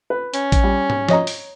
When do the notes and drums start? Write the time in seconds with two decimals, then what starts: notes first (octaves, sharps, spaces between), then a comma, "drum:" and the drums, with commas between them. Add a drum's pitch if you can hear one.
0.10 B4
0.34 C#4, drum: hi-hat
0.52 drum: kick A1, hi-hat
0.63 G3
0.90 drum: tom G#2
1.09 C#5 D#5 A#5, drum: snare
1.27 drum: open hi-hat